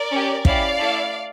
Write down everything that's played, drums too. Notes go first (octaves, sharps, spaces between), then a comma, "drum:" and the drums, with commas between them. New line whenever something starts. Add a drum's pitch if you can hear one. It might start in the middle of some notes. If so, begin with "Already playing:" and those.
Already playing: A#4 D5
C#4 G4
C#4 E4 G4 D5 F5, drum: kick
A3 E4 A4